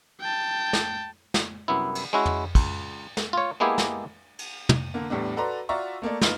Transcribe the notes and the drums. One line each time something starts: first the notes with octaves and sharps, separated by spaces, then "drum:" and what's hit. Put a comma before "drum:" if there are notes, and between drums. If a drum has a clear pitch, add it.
G5 A5
drum: snare
drum: snare
C2 F#2 B3 E4
drum: cymbal
G#3 C#4 E4 F#4
drum: tom
C#2, drum: kick, cymbal
drum: snare
F4 C#5
G#3 A#3 B3 E4 G4 G#4
drum: snare
drum: cymbal
drum: tom
D3 A#3
E2 A2 G3 D4
F#4 A4 B4 D5 A#5 C6
F4 F#4 D5 E5 A#5 C#6
A3 A#3 A4 D5
D#4 F4 B4, drum: snare